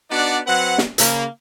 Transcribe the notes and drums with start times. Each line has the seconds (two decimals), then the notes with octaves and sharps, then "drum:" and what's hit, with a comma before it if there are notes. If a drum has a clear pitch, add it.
0.10 B3 D4 D#4 F#4 D5 F#5
0.46 F#3 C4 B4 F#5
0.78 drum: snare
0.98 C#3 A#3, drum: hi-hat